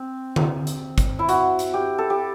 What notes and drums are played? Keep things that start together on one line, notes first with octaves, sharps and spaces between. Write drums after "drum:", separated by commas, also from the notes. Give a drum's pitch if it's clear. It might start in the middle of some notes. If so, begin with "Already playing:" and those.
Already playing: C4
drum: tom D3
drum: hi-hat
drum: kick, hi-hat
E4
F#4, drum: hi-hat
drum: hi-hat
G4
A4
G4